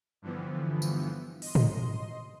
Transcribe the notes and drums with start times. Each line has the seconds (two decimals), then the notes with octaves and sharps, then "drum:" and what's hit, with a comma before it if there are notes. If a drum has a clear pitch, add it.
0.22 G2 D3 E3 F3 B3
0.82 drum: tambourine
1.42 D#5 C6, drum: open hi-hat
1.55 drum: tom